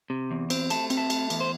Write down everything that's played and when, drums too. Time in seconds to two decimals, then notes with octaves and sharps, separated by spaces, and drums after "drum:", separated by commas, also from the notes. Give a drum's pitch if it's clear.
0.10 C3
0.31 E2
0.50 C4, drum: cymbal
0.70 A3 A5, drum: cymbal
0.90 C4, drum: cymbal
0.97 E5 A5
1.10 A3, drum: cymbal
1.30 E2, drum: cymbal
1.41 C5